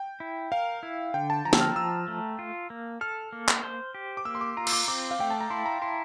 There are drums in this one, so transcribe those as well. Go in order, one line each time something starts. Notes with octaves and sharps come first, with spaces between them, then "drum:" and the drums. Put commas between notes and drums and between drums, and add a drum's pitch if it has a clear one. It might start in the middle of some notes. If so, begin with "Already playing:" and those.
Already playing: G5
E4
A#4 F5
E4
D3 G5
A5
F3 A#5
E6, drum: snare
F6
F3 E6
A3
F4
A#3
A4 F6
A#3
drum: clap
C5
G4
D6
A#3 E6
C6
D6
F4 A#5
E6, drum: cymbal
D6
C4 D6
F5
A3 G5
A5
A#5
E4 C6
A#5
E4 C6